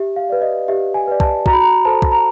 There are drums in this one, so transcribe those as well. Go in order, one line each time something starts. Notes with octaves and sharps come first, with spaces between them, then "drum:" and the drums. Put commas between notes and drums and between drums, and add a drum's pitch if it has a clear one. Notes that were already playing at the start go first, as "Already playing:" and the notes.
Already playing: G4 E5
F5
B4 D5
D#5
G4 E5
G#5
B4 D5
A5, drum: kick
F#4 A#5, drum: kick
B5
A#5
A4 C5 A5
drum: kick
A#5